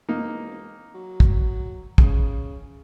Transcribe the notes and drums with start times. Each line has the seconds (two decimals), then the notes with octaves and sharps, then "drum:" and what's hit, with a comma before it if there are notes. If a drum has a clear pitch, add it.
0.09 E1 A#3 D#4
0.94 F#3
1.20 drum: kick
1.98 C#3, drum: kick